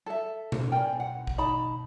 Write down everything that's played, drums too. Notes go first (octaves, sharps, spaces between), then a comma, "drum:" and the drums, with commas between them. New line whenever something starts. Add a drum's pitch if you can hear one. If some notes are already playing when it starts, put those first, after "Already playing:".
A4 E5
drum: tom B2
A#4 D5 G5 G#5
F#5
drum: kick A1
D#4 A5 B5